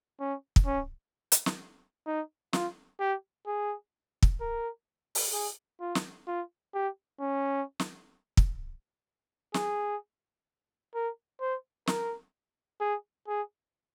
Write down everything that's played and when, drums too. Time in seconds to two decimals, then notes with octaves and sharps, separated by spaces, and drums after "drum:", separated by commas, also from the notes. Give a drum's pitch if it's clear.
0.20 C#4
0.56 drum: kick
0.66 C#4
1.32 drum: hi-hat
1.46 drum: snare
2.07 D#4
2.53 F4, drum: snare
3.00 G4
3.47 G#4
4.23 drum: kick
4.41 A#4
5.15 drum: open hi-hat
5.34 G#4
5.81 F4
5.95 drum: snare
6.27 F4
6.74 G4
7.20 C#4
7.80 drum: snare
8.37 drum: kick
9.54 G#4, drum: snare
10.95 A#4
11.41 C5
11.87 A#4, drum: snare
12.81 G#4
13.28 G#4